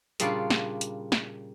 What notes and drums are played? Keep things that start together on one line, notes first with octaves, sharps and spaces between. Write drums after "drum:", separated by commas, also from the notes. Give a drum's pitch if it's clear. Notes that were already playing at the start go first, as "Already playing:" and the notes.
A#2 C#3 G3 D4 F4, drum: hi-hat
drum: snare
drum: hi-hat
drum: snare